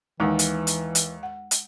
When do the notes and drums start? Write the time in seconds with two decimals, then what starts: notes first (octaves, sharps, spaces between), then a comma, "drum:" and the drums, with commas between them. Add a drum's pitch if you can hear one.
0.20 D#2 E3 G#3 D#4 F#5
0.39 drum: hi-hat
0.67 drum: hi-hat
0.95 drum: hi-hat
1.23 F#5
1.51 drum: hi-hat